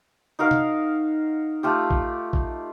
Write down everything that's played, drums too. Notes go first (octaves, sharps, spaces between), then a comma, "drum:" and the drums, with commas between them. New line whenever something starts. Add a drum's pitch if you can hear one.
D#4 F#4 A#4 F5
drum: tom
A3 F4 G4
drum: kick A#1
drum: kick A#1